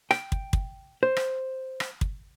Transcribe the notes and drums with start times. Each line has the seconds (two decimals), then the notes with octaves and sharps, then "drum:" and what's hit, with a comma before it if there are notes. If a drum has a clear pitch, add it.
0.11 G5, drum: rim click
0.32 drum: kick
0.53 drum: kick
1.03 C5
1.17 drum: rim click
1.80 drum: rim click
2.01 drum: kick